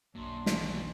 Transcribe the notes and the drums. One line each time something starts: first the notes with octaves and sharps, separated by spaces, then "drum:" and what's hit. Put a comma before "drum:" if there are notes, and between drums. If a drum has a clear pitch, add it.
B1 F#2 A#3 D4 C6
E2 D#3 F#3, drum: snare